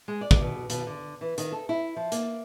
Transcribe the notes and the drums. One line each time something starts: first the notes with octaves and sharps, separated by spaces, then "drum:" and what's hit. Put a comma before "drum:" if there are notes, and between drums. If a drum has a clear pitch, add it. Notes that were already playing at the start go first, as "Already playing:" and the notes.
G#3
D5
drum: kick
B2
B2, drum: hi-hat
D3
E3
D#3, drum: hi-hat
A4
E4
F3
A#3, drum: hi-hat